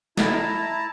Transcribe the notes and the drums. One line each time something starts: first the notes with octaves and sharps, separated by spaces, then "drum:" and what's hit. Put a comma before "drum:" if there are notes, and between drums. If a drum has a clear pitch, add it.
E4 A5 A#5, drum: snare